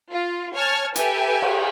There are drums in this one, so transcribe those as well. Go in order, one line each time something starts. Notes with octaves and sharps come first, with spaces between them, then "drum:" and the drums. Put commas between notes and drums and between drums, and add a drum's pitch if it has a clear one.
F4
C#5 G#5 A5 F6 G#6
G4 A4 B4 E5 G#5, drum: hi-hat
drum: cymbal